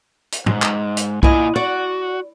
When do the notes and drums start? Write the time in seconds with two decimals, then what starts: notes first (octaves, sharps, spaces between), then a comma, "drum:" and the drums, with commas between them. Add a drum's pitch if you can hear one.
0.32 drum: hi-hat
0.46 G#2, drum: tom G#2
0.62 drum: clap
0.97 drum: hi-hat
1.23 A#2 E4 D#5 G#5, drum: kick B1
1.56 F#4 D5